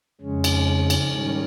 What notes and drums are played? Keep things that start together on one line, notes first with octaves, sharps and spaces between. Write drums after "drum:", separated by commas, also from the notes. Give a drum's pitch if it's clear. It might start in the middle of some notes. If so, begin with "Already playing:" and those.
F2 C#3 G#3 C#4
drum: cymbal
drum: cymbal
G#2 D#3 G3 C#4